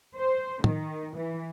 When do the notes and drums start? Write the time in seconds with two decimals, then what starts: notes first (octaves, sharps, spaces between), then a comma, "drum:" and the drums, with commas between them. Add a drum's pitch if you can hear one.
0.17 C5
0.64 D#3, drum: tom
1.17 E3